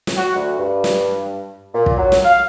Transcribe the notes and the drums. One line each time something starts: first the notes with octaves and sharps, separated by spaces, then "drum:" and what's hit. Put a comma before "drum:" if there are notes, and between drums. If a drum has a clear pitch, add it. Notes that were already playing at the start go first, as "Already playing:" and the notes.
drum: snare
F#4
D2
G2
drum: snare
A#2
drum: kick
F#3
drum: snare
F5